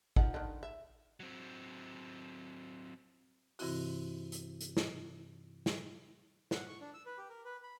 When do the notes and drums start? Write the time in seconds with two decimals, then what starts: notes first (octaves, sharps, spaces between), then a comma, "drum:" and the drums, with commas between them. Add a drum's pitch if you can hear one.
0.16 F3 D#4 F#5, drum: kick G#1
0.34 D3 D#3
0.63 E5
1.20 F#3 C4
3.59 G2 C3 E3 C4 E4 F#4, drum: open hi-hat
4.32 drum: hi-hat
4.61 drum: hi-hat
4.77 drum: snare
5.66 drum: snare
6.51 F#5, drum: snare
6.68 C#6
6.81 D4
6.94 E6
7.06 B4
7.18 G4
7.30 A#4
7.45 B4
7.63 B5